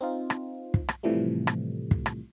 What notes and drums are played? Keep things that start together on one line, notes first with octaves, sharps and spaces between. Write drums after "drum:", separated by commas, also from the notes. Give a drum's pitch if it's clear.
C4 D#4 F4
drum: rim click
drum: kick
drum: rim click
A2 C3 E3 F3 G3 A3
drum: rim click
drum: kick
drum: rim click